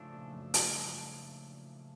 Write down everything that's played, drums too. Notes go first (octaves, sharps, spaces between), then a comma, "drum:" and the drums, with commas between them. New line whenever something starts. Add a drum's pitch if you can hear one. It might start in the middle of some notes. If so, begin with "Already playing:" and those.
Already playing: G#2 C#3 F3 A3 D4
A#2
F#2
G2, drum: hi-hat